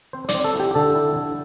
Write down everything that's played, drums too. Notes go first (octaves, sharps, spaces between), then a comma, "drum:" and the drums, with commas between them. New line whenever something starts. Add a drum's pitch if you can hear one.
C4 C5
D5, drum: hi-hat
C4
A4
E4
G4
D3 A4
E4
D3